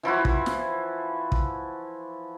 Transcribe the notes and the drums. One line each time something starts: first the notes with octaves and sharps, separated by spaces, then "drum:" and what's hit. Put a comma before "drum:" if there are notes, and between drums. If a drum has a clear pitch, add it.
E3 F3 E4 F#4
drum: kick
drum: snare
drum: kick